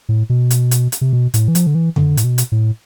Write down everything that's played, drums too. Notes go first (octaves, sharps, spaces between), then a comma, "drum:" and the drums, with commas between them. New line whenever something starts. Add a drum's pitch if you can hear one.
A2
B2
drum: hi-hat
drum: hi-hat
drum: hi-hat
C3
B2
A2, drum: hi-hat
E3
F3, drum: hi-hat
D3
E3
D3, drum: tom F2
A2, drum: hi-hat
B2
drum: hi-hat
A2